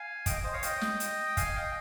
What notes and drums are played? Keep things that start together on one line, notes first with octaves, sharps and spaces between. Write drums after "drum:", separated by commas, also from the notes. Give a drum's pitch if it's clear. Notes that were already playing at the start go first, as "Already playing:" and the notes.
Already playing: F5 G#5
D#5 G5, drum: kick, hi-hat
C5 D#5
C#5 F5
D#5 G5, drum: hi-hat
drum: snare
drum: hi-hat
F5 G#5, drum: kick, hi-hat
D#5 G5